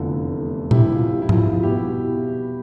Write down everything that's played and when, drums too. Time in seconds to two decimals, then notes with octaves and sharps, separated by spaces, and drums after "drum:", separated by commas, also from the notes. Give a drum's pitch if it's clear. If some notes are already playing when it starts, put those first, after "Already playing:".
Already playing: F1 E2 D3 A3 F4 A4
0.71 E4 G4, drum: tom A#2
0.94 F4
1.22 E4
1.29 F4, drum: tom G#2
1.40 E4
1.52 F4
1.63 B2 G3 B3 E4 G4